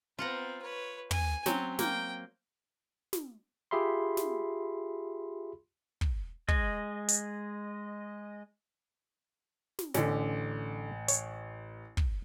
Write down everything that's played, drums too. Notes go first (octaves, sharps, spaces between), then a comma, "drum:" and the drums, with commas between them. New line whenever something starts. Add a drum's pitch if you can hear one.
B3 C4 F4 F#5 A#5
B4 C#5
G#5, drum: tom
F#3 C4 C#4, drum: snare
A#3 G5, drum: snare
drum: snare
F4 G4 G#4 E5 B5 C6
drum: snare
drum: kick
G#3 D#5, drum: kick
drum: hi-hat
drum: snare
A1 D3 C#4, drum: snare
C#5, drum: hi-hat
drum: kick